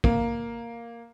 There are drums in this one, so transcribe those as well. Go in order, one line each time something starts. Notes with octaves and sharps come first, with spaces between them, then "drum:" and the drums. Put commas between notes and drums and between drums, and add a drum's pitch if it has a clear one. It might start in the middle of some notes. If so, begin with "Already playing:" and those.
A#3, drum: kick